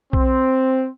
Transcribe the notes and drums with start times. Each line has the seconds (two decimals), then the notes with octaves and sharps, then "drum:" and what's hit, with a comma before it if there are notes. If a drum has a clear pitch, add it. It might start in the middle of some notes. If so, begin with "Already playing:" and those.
0.13 C4, drum: kick B1